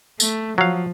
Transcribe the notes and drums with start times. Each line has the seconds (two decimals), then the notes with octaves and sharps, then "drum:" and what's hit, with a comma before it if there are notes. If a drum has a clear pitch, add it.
0.20 A3, drum: tambourine
0.58 F3 F#3 F5